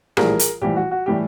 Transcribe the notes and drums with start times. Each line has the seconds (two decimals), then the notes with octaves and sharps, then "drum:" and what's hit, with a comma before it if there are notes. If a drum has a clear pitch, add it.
0.17 A#1 A2 E3 G3 G#4 A#4, drum: rim click
0.39 drum: hi-hat
0.61 A#1 A2 E3 G3 G4
0.76 F#4
0.91 F#4
1.06 A2 E3 G3 G4